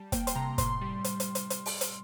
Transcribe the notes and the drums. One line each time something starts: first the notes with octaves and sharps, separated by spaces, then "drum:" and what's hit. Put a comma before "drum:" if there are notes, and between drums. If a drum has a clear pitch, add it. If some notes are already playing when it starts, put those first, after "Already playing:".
Already playing: G3 A5
A#3 G5, drum: kick, hi-hat
C6, drum: hi-hat
C3 A#5
A2 C6, drum: kick, hi-hat
G3
drum: hi-hat
drum: hi-hat
drum: hi-hat
drum: hi-hat
drum: open hi-hat
drum: hi-hat